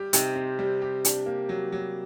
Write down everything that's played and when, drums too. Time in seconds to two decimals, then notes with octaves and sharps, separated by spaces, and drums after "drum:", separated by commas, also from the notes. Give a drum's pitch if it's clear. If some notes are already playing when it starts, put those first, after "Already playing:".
Already playing: G3 G4
0.13 C3 D#4, drum: hi-hat
0.35 C4
0.59 G3
0.82 G4
1.05 D4, drum: hi-hat
1.26 A#3
1.49 F#3
1.72 F#3